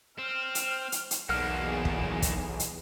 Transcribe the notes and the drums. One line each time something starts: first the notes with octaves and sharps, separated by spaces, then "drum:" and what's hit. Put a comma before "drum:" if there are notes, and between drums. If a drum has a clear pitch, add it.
C4 F6
drum: hi-hat
drum: hi-hat
drum: hi-hat
B1 E2 A#3 D4 G#4 F#5 F6
drum: kick
drum: kick, hi-hat
drum: hi-hat